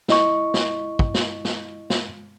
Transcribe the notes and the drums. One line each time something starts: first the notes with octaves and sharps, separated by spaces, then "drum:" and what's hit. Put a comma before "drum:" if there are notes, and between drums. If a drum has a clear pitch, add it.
E4 D#5 C#6, drum: snare
drum: snare
drum: kick
drum: snare
drum: snare
drum: snare